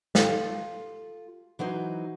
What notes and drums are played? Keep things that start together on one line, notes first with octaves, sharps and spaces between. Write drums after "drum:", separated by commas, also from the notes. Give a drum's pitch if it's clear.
F4 G4 A4 F5, drum: snare
E3 F#3 D#4 C5